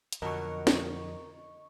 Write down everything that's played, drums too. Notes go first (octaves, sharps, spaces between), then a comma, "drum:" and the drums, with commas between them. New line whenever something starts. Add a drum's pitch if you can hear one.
drum: hi-hat
F2 B2 D3 F3 F#3 A#4 D#5 C#6
drum: snare